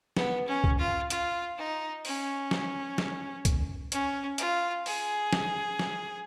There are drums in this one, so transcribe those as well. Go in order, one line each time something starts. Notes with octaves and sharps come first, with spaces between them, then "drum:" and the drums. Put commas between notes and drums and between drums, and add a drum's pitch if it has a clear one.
B3, drum: snare
C#4
drum: kick C2
F4
F4, drum: hi-hat
D#4
C#4, drum: open hi-hat
drum: snare
drum: snare
drum: kick C2, hi-hat
C#4, drum: hi-hat
F4, drum: hi-hat
G#4, drum: open hi-hat
drum: snare
drum: snare